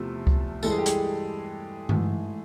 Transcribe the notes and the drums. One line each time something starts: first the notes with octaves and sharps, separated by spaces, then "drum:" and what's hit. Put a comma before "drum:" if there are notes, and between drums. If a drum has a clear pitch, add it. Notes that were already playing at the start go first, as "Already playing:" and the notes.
Already playing: E2 C3 F3 A3
drum: kick C#2
G2 E3 G#3 A4, drum: tambourine
G#4
G4
G#4, drum: hi-hat
G#2 E3 A3, drum: tom G2